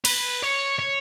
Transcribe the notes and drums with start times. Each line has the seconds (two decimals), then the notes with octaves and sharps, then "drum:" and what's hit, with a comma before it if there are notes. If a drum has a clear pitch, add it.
0.05 B4, drum: cymbal
0.43 C#5
0.79 C#5